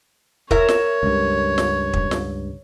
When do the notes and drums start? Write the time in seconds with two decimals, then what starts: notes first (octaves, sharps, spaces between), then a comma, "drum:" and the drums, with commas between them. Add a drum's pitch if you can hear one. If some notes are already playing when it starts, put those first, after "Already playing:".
0.51 A#4 C#5 E5, drum: kick
0.69 drum: snare
1.03 C#2 G2
1.58 drum: snare
1.93 drum: kick
2.11 drum: snare